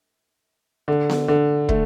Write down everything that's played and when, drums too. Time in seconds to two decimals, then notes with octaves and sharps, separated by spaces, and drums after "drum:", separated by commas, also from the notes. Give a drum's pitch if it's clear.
0.88 D3
1.10 drum: snare B3
1.28 D3
1.69 A3, drum: kick